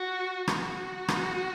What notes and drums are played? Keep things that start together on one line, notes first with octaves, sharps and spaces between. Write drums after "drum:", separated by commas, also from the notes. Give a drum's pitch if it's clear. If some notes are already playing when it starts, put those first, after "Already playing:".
Already playing: F#4
F#4, drum: rim click
drum: rim click